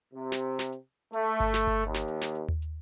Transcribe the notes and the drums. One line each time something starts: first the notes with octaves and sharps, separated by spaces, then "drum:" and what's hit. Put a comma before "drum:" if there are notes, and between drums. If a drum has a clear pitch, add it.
C3
drum: snare
drum: snare
drum: hi-hat
A3, drum: hi-hat
drum: kick G1, hi-hat
drum: snare
drum: kick G1, hi-hat
D#2
drum: snare
drum: hi-hat
drum: snare
drum: hi-hat
drum: tom D#2
drum: hi-hat